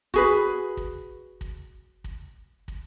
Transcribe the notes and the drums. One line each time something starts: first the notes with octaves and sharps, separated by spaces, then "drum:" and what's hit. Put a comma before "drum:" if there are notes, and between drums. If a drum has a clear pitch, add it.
F#4 G#4 B4, drum: kick
drum: kick
drum: kick
drum: kick
drum: kick